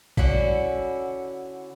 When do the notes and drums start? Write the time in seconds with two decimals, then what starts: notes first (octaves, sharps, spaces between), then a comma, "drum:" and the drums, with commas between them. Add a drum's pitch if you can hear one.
0.17 D3 C#4 E4 F#4, drum: kick A1
0.35 drum: tom G3